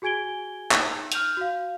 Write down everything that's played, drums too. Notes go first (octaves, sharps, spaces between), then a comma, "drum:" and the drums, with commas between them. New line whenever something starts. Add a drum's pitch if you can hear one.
F#4 G#4 G#5 G#6 D7 G7
D#4, drum: clap
F6 G6 F7, drum: hi-hat
F#4 F5